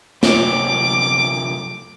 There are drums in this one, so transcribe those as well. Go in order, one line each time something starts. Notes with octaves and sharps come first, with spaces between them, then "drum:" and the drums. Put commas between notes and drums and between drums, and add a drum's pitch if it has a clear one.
F#2 C3 C#5 D6, drum: snare